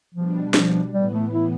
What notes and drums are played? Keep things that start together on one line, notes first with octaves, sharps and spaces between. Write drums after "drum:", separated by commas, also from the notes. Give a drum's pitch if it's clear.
B2 F3 G3 D4
F3, drum: snare
A2 E3 G3 B3
A3
E4